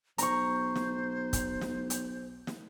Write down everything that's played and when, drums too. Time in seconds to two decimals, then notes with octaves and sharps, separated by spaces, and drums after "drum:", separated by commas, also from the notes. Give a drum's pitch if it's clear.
0.18 B1 C5 A#5 C#6, drum: hi-hat
0.76 drum: snare
1.33 drum: kick, hi-hat
1.61 drum: snare
1.90 drum: hi-hat
2.47 drum: snare